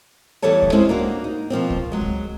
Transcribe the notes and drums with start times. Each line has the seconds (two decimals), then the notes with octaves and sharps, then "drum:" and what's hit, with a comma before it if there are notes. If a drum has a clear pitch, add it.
0.42 E2 E3 G3 A4 C#5 A5
0.62 drum: kick C#2
0.72 G#3 C4 C#4 E4 G#4 C5
0.89 A#3 D4 F#4
1.24 D#4
1.50 B2 F3 A#3 C4
1.70 drum: kick C#2
1.92 F#3 G#3
2.01 drum: kick C#2